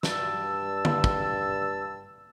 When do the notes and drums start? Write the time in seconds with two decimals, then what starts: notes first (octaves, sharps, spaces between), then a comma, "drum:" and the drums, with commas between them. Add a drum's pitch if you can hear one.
0.03 G2 A5 E6, drum: snare
0.85 drum: tom
1.04 drum: kick